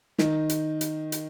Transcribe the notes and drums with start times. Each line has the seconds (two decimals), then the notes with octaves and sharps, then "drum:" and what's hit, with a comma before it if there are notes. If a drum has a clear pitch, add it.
0.18 D#3 D#4, drum: snare
0.49 drum: hi-hat
0.81 drum: hi-hat
1.12 drum: hi-hat